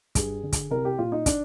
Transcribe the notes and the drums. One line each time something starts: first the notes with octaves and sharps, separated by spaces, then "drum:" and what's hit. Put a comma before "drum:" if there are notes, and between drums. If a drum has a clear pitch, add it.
G2 G#4, drum: kick, hi-hat
D3
drum: kick, hi-hat
C2 A#4
G4
A#2 F4
D#4
D4, drum: kick, hi-hat